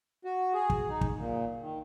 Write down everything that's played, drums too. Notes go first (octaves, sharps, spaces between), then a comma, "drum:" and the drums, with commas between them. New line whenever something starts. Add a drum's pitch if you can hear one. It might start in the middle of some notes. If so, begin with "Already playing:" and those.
F#4
G#4
drum: kick
D#4
drum: kick
A#2
D#3